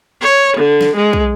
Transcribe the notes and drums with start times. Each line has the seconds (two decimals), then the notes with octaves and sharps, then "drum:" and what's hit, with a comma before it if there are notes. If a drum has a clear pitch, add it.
0.22 C#5
0.57 D3
0.81 drum: snare
0.96 G#3
1.13 drum: kick